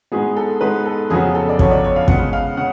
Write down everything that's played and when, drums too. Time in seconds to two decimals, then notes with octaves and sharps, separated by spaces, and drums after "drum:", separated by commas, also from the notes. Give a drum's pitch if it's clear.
0.12 G#2 G#3 B3 G#4
0.37 A4
0.61 G#2 G#3 B3 B4
0.86 A4
1.10 F2 C#3 F#3 B3 G#4
1.35 A4
1.49 D5
1.59 F2 C#3 F#3 B3 C#5, drum: kick
1.71 D5
1.84 C#5
1.96 F5
2.08 C#3 G#3 B3 F#5, drum: kick
2.33 F5
2.57 C#3 F#5